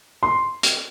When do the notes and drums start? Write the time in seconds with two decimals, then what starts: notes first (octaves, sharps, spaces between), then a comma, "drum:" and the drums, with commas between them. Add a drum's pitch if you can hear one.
0.23 C6
0.63 drum: hi-hat